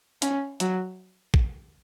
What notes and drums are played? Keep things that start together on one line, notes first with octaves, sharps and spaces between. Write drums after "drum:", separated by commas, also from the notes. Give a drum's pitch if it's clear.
C#4, drum: hi-hat
F#3, drum: hi-hat
drum: kick A#1